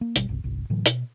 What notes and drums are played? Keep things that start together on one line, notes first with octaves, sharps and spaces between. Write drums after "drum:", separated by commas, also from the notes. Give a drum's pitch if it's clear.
A#3
G#1 B2 G3, drum: hi-hat
G1 C2
G1 C2
A2 D3 E3 F#3
B2, drum: hi-hat